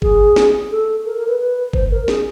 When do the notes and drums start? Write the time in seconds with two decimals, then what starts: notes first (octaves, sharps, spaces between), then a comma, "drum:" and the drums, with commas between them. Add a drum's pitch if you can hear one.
0.02 G#4, drum: kick G1
0.36 drum: snare
0.71 A4
1.06 A#4
1.17 A#4
1.28 B4
1.39 B4
1.73 C5, drum: kick G1
1.91 A#4
2.08 G#4, drum: snare